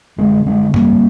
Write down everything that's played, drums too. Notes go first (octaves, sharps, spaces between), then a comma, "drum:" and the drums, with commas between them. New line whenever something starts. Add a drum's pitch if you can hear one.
D3 G#3 C4
D3 G#3 C4
G#2 G3 A#3, drum: tom F#2